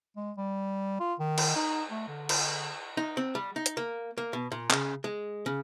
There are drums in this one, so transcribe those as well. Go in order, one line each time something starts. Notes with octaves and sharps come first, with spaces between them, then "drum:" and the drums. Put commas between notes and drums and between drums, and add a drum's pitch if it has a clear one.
G#3
G3
F4
D#3
drum: cymbal
D#4
A3
D3
drum: cymbal
D#4
C4
G3
D#4
drum: hi-hat
A#3
A#3
B2
A#2
C#3, drum: clap
G#3
C#3